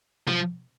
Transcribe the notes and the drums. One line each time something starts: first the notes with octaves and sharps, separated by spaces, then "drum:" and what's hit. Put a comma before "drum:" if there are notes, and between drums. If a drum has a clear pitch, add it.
F3, drum: tom B2